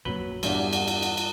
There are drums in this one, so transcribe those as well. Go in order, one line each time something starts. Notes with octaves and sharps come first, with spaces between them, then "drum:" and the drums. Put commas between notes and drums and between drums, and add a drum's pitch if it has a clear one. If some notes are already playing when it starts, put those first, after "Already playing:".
A#1 F#2 F#3 A#3 B4 F#7 G7
E2 G2 G3 D4 F5 F#5, drum: cymbal
drum: cymbal
drum: cymbal
drum: cymbal
drum: cymbal